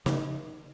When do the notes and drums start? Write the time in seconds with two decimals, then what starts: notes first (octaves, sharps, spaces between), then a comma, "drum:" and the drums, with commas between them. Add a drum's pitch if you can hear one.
0.06 C#3, drum: snare